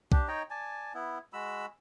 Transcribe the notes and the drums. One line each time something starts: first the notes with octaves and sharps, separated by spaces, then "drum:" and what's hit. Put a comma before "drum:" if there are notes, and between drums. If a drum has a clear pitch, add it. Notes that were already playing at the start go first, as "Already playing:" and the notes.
D4 G4, drum: kick B1
D#4 C#5 D#5 G5
D5 G#5 A5
B3 E4
G#3 F#4 B5 E6